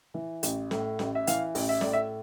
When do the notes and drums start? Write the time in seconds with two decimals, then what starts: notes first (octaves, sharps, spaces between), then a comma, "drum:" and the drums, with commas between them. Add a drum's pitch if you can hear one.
0.14 E3
0.43 A1, drum: hi-hat
0.71 A2, drum: snare
0.99 A1, drum: snare
1.15 E5
1.27 E3 F5, drum: hi-hat
1.55 A1, drum: open hi-hat
1.69 E5
1.81 A2 D5, drum: snare
1.93 E5